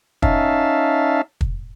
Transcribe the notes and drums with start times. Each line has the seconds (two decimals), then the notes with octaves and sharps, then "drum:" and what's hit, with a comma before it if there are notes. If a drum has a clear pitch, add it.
0.22 C#4 D#4 E5 F5 A5, drum: kick
1.41 drum: kick